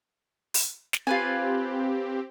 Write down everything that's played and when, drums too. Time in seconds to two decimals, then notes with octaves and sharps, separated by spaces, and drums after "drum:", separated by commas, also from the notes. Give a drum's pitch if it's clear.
0.54 drum: open hi-hat
0.93 drum: snare
1.07 C4 F4 G4 B4 G#5